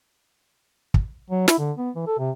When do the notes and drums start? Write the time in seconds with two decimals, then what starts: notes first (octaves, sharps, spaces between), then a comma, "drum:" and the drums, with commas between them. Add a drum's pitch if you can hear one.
0.94 drum: kick
1.30 F#3
1.48 E4, drum: snare
1.59 D3
1.78 B3
1.96 E3
2.07 A4
2.18 C3